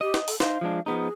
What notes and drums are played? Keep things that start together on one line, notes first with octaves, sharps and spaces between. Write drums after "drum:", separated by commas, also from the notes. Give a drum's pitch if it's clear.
G4 D#5
drum: snare
A4, drum: open hi-hat
D#4 C5 F5, drum: snare
F3 G#3 D4
F3 B3 D#4 G#4